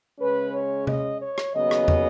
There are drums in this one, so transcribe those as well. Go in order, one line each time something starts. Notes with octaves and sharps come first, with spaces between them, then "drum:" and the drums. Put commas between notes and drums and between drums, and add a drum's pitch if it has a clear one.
C#3 G#3 C#4 B4
C#5
D#5, drum: tom C3
C#5
drum: rim click
D#2 C#3 F#3 B3 D#5
drum: rim click
drum: tom